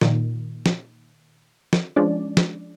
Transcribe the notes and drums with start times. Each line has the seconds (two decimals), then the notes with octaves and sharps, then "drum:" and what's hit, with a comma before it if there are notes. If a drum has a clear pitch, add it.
0.01 A#2 D#3, drum: snare
0.66 drum: snare
1.73 drum: snare
1.96 F3 G#3 C#4 D4 D5
2.37 drum: snare